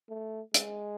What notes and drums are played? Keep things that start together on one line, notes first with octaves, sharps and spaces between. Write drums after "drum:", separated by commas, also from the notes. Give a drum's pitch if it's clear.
A3
G#3, drum: hi-hat